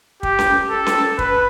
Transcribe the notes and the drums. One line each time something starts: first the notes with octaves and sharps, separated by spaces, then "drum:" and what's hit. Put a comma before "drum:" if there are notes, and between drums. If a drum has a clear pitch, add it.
G4, drum: kick
drum: snare C#4
A4
drum: snare C#4
B4, drum: kick